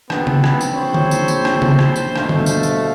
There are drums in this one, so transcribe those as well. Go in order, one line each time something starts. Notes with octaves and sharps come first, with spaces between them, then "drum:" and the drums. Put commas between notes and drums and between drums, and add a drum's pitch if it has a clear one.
A#1 B3 C4 A5 B5, drum: rim click
drum: tom C#3
drum: rim click
drum: tambourine
A#1 C5 C#5
drum: tom D3
drum: tambourine
drum: tambourine
drum: rim click
drum: tom C#3
drum: rim click
drum: tambourine
G1 B2 A3 F5, drum: rim click
drum: tom D3
drum: tambourine
drum: tambourine